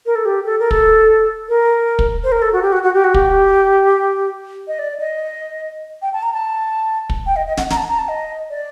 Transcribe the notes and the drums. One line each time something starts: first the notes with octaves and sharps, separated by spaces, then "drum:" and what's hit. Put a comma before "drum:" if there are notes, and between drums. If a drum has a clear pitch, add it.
A#4
A4
G4
A4
A#4
A4, drum: kick
A#4
drum: kick
C5
A#4
A4
F#4
G4
F#4
F#4
G4
F#4
G4, drum: kick
D#5
D5
D#5
G5
A5
A#5
A5
drum: kick
G5
D#5
D#5
F#5, drum: snare
A#5, drum: snare
A5
A#5
A5
D#5
D5